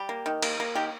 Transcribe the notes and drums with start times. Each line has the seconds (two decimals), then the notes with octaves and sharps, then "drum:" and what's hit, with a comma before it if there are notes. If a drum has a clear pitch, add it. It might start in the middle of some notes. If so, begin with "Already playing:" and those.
Already playing: G3 G4
0.09 A#3
0.26 D#3
0.42 A#3, drum: cymbal
0.60 A#3
0.75 D#3 G4